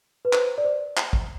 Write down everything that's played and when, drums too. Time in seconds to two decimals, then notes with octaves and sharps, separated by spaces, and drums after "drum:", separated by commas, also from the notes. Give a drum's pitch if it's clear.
0.25 B4
0.33 C5, drum: clap
0.58 D5
0.65 C5
0.97 drum: clap
1.13 drum: kick